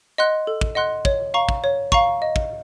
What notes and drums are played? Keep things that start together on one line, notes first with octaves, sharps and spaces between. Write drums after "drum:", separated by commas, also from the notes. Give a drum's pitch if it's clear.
D#5 F#5 C6 F#6
A4
drum: kick
D#5 F#5 C6 F#6
C#5, drum: kick
F5 A#5 C#6
drum: kick
C#5
F5 A#5 C#6, drum: kick
D#5
drum: kick